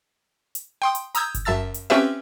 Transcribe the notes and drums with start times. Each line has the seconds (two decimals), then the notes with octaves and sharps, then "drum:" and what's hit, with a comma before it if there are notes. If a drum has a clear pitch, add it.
0.55 drum: hi-hat
0.82 G5 C6 D#6
0.95 drum: hi-hat
1.15 A#5 D#6 E6 G6 G#6, drum: hi-hat
1.35 drum: kick F#1, hi-hat
1.45 F#2 E5 A5 E6 A6
1.74 drum: hi-hat
1.90 C4 C#4 F4 G4 B4 E5